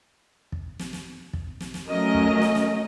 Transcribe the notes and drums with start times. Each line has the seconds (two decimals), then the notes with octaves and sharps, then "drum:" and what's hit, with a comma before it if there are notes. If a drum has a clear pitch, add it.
0.52 drum: kick
0.79 drum: snare
0.93 drum: snare
1.33 drum: kick
1.60 drum: snare
1.74 drum: snare
1.87 F#3 A3 C#4 A#4 D#5
2.15 drum: kick
2.42 drum: snare
2.55 drum: snare